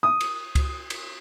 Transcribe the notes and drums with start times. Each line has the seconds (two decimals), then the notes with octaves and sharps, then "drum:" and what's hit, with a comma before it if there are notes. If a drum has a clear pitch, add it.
0.03 D#6
0.20 drum: cymbal
0.55 drum: kick C#2, cymbal
0.90 drum: cymbal